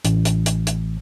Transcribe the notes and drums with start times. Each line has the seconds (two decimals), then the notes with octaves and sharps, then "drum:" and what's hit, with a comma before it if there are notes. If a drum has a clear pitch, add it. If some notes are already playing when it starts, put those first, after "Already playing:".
0.05 A1, drum: hi-hat
0.25 drum: hi-hat
0.46 drum: hi-hat
0.67 drum: hi-hat